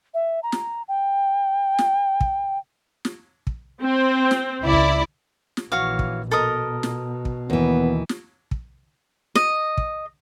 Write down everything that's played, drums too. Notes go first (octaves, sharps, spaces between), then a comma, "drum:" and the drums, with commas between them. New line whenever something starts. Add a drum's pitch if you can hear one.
E5
A#5
drum: snare
G5
drum: snare
drum: kick
drum: snare
drum: kick
C4
drum: snare
C#2 E4 D5
drum: kick
drum: snare
A#1 E3 F#4 C#5 F5
drum: kick
B2 A4 A#4 D#5
drum: snare
drum: kick
D#2 E3 B3
drum: snare
drum: kick
D#5, drum: snare
drum: kick